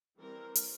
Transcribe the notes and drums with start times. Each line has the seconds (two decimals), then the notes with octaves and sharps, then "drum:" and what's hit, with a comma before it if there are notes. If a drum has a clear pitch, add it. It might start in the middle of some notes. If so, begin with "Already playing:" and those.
0.19 E3 G3 C4 A#4
0.55 drum: hi-hat